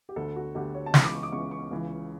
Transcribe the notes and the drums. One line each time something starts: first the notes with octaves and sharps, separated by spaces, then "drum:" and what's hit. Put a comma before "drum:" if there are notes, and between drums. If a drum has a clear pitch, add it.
G4
D2 D3 A4
F#4
D2 D3 G4
C#5
A5
C#2 C#3 E3 B5, drum: snare
D6
C#6
D6
C#2 C#3 E3 C#6
C#6
C#2 C#3 E3